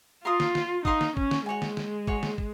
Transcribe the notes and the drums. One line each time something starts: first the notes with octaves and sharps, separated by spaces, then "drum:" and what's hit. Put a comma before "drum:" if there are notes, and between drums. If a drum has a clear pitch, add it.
F4 A#4 F5 C6 D#6
drum: snare
drum: snare
D#4 A#4 F5 C6 D#6, drum: kick
drum: snare
C#4, drum: kick
drum: snare
G#3 F#4 C#5 G#5
drum: snare
drum: snare
F#4 C#5 G#5, drum: kick
drum: snare
drum: kick